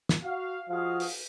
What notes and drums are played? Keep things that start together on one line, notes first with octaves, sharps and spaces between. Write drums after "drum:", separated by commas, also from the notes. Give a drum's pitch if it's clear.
drum: snare
F#4 F5
F3 F4 F#4 G#4 D#5 F5
drum: open hi-hat